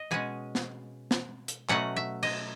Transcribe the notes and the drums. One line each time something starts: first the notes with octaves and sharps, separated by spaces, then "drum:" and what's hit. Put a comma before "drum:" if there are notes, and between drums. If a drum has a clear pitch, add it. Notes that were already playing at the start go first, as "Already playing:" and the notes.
Already playing: D#5
B2 G#3 C#4 G#5
drum: snare
drum: snare
drum: hi-hat
B2 F#3 A3 C#4 F#5, drum: clap
E5
D#5, drum: cymbal